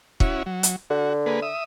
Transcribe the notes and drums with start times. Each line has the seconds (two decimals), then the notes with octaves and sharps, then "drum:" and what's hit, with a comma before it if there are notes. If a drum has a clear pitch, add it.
0.20 C#4 E4 F#4, drum: kick
0.46 F#3
0.63 drum: hi-hat
0.90 D3 F#4
1.26 A#3 G#4 B4
1.42 E5 D#6